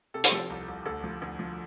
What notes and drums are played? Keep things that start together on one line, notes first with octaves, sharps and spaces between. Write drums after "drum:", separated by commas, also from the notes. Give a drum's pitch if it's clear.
C3 A4
G4, drum: hi-hat
F3 A4
C2
C2
D2 A4
F3
D2
F3